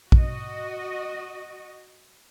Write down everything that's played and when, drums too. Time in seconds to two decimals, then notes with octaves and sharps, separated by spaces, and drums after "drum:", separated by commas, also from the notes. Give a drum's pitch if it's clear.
0.12 F#4 D#5, drum: kick